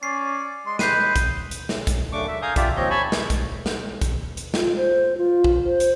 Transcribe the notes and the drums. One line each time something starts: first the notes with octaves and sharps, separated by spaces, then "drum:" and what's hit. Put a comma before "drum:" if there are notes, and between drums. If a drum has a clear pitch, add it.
C#4 D5 C7
G#3 C6
B4 G6 C7 D#7, drum: snare
drum: kick A#1, hi-hat
drum: hi-hat
drum: snare
drum: kick A#1, hi-hat
F#2 C#3 A3 D4 C#6 D6
E5
F5 G#5 A#5 D#6 G6
D4 F4 G4 D5 E5, drum: kick A#1, hi-hat
D#2 F3 C4 C#5 D#5 G6
C#5 G#5 A5 B5 C#6
drum: snare
drum: kick A#1, hi-hat
drum: snare
drum: kick A#1, hi-hat
drum: hi-hat
F4, drum: snare
C5
F4
drum: kick A#1
C5
drum: hi-hat